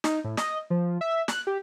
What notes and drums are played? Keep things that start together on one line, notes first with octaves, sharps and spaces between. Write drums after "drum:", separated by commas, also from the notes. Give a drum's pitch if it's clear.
D#4, drum: snare
A2
D#5, drum: snare
F3
E5
F#6, drum: snare
G4